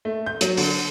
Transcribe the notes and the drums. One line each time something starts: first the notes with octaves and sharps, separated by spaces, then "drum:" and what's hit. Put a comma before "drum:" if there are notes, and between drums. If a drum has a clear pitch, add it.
A3
G6
F#3, drum: hi-hat
D3, drum: open hi-hat